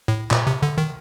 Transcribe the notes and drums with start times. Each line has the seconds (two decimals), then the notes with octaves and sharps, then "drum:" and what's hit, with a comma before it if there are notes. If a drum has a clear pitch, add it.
0.08 A2
0.31 A#2, drum: clap
0.47 C3
0.62 D3
0.78 D#3